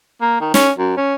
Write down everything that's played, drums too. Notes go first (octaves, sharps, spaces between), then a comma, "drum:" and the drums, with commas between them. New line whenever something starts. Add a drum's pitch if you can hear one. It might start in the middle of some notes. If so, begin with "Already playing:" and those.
A#3
D#3
C#4, drum: snare
F#2
C#4